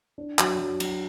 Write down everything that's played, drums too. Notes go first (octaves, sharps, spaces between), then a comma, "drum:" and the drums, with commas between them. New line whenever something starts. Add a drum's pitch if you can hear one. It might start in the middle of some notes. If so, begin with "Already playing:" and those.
D4
F#3, drum: clap
F#3
F#3, drum: cymbal